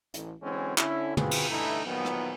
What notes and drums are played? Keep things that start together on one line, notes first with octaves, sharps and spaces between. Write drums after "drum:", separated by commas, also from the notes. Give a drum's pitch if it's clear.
A1, drum: hi-hat
D3 E3 F#3 G#3 C4 C#4
D3 C#4 E4, drum: clap
C#3 C4 F4 F#4 G#4 B4, drum: tom
drum: cymbal
G2 D3 E3 A3 D#4 E4
A#2 D#3 F3 F#3 B3
drum: rim click